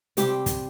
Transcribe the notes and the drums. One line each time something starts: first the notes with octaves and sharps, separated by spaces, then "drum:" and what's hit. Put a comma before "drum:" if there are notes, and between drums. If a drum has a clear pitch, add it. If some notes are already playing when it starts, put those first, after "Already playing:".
C3 G3 C4 G4, drum: hi-hat
drum: kick, hi-hat